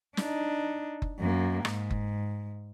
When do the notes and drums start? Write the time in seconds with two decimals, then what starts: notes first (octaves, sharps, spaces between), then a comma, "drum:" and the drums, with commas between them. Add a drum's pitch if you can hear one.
0.17 D4 D#4, drum: snare
1.02 drum: kick F#1
1.20 F#2 A#3
1.65 G#2, drum: rim click
1.90 drum: kick F#1